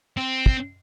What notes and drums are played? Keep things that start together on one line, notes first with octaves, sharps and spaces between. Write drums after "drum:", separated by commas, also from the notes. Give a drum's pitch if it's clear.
C4
drum: kick